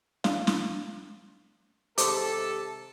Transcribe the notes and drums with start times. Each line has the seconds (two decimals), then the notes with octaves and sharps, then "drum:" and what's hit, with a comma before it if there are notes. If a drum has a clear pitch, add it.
0.24 F5, drum: snare
0.47 drum: snare
1.98 C3 D#3 G#3 A4 C5 D6, drum: hi-hat